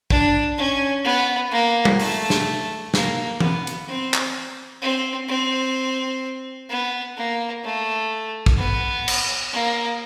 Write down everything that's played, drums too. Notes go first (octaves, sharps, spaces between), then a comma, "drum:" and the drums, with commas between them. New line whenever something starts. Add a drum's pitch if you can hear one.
D4, drum: kick
C#4
B3
A#3
drum: tom G3
A3, drum: open hi-hat
drum: snare
A#3, drum: snare
B3, drum: tom E3
drum: hi-hat
C4
drum: clap
C4
C4
B3
A#3
A3
drum: kick
B3
drum: cymbal
A#3